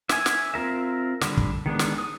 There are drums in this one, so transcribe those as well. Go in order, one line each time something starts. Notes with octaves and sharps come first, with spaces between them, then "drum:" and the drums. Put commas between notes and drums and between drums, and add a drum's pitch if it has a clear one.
E5 G#5, drum: snare
drum: snare
C4 F4 A#4 E5
D3 G3, drum: snare
drum: kick
D#3 G#3 B3 D4
drum: snare
D#6